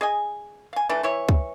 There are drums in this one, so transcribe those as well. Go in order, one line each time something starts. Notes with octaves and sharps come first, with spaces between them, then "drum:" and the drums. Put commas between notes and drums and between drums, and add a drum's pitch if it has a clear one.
G#4 D#5 G#5
F5 G#5
E3 A3 D4
E3 E4 C#5
drum: kick